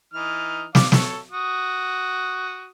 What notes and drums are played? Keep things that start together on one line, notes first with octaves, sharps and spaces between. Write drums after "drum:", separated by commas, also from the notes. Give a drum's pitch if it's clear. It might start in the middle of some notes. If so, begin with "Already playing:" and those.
E3 D#4 F6
D5 F5 D6, drum: snare
A4 C#5, drum: snare
F#4 D#6